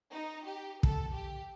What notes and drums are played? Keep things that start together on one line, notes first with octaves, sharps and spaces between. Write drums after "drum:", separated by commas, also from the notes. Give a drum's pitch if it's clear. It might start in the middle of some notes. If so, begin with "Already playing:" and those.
D#4
G4
A4, drum: kick
G4